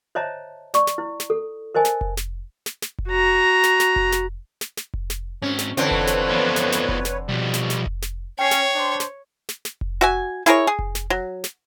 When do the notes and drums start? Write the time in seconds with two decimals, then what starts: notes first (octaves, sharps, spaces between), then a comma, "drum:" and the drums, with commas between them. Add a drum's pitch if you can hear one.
0.15 C5 C#5 D#5 E5 A5 A#5
0.74 D5 C#6, drum: snare
0.87 drum: snare
0.98 E4
1.20 drum: snare
1.30 A4
1.75 A#4 C5 D#5 G#5 A5
1.85 drum: snare
2.01 drum: kick F1
2.17 drum: snare
2.66 drum: snare
2.82 drum: snare
2.98 drum: kick F1
3.08 F#4 A#5
3.64 drum: snare
3.80 drum: snare
3.96 drum: kick F1
4.12 drum: snare
4.61 drum: snare
4.77 drum: snare
4.94 drum: kick F1
5.10 drum: snare
5.42 G#2 C4 C#4
5.59 drum: snare
5.77 D3 E3 C4 F4 A4 B4 C#5, drum: snare
5.91 drum: kick F1
6.07 drum: snare
6.29 F3 B3
6.56 drum: snare
6.72 drum: snare
6.89 drum: kick F1
7.05 drum: snare
7.29 B1 B2 F3 G3
7.54 drum: snare
7.70 drum: snare
7.86 drum: kick F1
8.02 drum: snare
8.39 C#4 C#5 G5 C7
8.51 drum: snare
8.75 D4 C5 C6
9.00 drum: snare
9.49 drum: snare
9.65 drum: snare
9.81 drum: kick F1
10.01 F#4 E5 G#5
10.46 E4 G#4 A#4 C#5, drum: snare
10.67 G#4
10.79 drum: kick F1
10.95 drum: snare
11.10 F#3
11.44 drum: snare